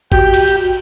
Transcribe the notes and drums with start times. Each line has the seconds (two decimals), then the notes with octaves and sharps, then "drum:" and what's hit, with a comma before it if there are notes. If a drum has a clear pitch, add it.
0.12 F#4 G4 G5, drum: kick
0.34 drum: cymbal
0.48 drum: hi-hat